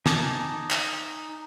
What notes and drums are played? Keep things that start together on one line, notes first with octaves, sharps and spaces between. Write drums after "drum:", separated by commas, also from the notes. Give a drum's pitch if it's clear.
D#4 G#5 A5 D6, drum: snare
drum: clap